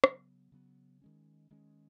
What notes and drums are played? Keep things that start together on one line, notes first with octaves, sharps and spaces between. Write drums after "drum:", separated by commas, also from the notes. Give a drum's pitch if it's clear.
C#3 F#3 B3, drum: rim click
C#3 F#3 B3
D#3 G#3 C#4
D#3 G#3 C#4